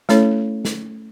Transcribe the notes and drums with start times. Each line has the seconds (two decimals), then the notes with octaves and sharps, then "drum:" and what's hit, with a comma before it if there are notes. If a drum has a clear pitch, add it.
0.09 A3 C#4 E4 A4 C#5, drum: snare
0.65 drum: snare